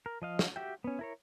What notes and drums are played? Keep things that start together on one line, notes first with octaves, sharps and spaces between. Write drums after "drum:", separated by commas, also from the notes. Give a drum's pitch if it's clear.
A#4
F3 D#5 F5
drum: snare
F#4 G4 E5 G5
B3 C#4
E4 A#4 C#5